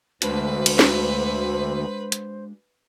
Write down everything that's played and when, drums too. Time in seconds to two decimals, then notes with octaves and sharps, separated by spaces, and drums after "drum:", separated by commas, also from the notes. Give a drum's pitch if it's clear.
0.22 D2 G#3 D4 F#4 B4 C5, drum: hi-hat
0.66 drum: cymbal
0.79 drum: snare
2.12 drum: hi-hat